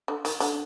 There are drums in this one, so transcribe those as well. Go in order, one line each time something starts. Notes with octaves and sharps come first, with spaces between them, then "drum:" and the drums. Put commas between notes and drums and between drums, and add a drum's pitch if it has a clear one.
D3
D#3, drum: hi-hat
D3, drum: hi-hat